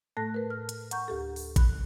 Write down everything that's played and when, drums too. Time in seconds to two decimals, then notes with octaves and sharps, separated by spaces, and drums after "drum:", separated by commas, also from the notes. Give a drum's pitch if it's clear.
0.17 A2 A3 A4 A5 F#6 A#6
0.34 A#4 B4
0.50 F6
0.69 drum: hi-hat
0.91 F#5 A#5 C#6 G6, drum: hi-hat
1.08 D2 G4 A4
1.36 drum: open hi-hat
1.56 B5 F#6, drum: kick A1, hi-hat